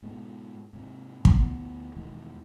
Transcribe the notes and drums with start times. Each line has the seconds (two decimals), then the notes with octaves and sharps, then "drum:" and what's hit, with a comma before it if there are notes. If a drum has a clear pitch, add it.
0.02 G#2 B2 G#3
0.73 G#2 C3
1.25 drum: kick
1.34 D2 B3
1.96 E2 B2 D#3 G#3